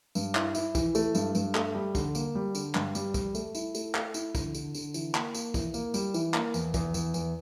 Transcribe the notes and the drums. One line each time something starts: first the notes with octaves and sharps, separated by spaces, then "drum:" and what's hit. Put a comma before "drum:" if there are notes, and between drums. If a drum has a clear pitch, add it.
G2, drum: tambourine
E4, drum: clap
E4, drum: tambourine
E3, drum: kick, tambourine
A3, drum: tambourine
G2, drum: tambourine
G2, drum: tambourine
A3, drum: clap
G3
D3, drum: kick, tambourine
A#3, drum: tambourine
G3
D3, drum: tambourine
G2, drum: clap
G3, drum: tambourine
G3, drum: kick, tambourine
A3, drum: tambourine
E4, drum: tambourine
A3, drum: tambourine
A3, drum: clap
E4, drum: tambourine
D3, drum: kick, tambourine
D3, drum: tambourine
D3, drum: tambourine
E3, drum: tambourine
A#3, drum: clap
A#3, drum: tambourine
E3, drum: kick, tambourine
A#3, drum: tambourine
G3, drum: tambourine
E3, drum: tambourine
A#3, drum: clap
E2, drum: tambourine
E2, drum: kick, tambourine
E2, drum: tambourine
E2, drum: tambourine